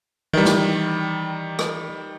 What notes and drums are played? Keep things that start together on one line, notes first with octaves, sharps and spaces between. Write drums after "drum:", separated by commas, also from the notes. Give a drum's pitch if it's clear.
D#3 E3 G3
drum: snare
drum: rim click